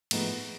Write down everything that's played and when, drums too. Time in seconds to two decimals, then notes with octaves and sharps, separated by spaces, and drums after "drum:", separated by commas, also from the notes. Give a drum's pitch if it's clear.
0.11 A2 F3 G#3 B3 D#4, drum: cymbal